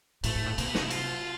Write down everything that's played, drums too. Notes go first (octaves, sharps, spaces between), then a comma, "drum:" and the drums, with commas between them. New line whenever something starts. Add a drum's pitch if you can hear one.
A2 A3, drum: cymbal
G#2
A2
C3 A#3, drum: cymbal
B3
D#4, drum: snare
E4
F4, drum: cymbal